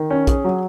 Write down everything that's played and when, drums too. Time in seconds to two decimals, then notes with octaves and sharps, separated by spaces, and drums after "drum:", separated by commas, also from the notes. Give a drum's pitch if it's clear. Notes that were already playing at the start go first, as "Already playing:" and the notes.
Already playing: D#3
0.10 C#4
0.27 G#4, drum: kick, hi-hat
0.44 F#3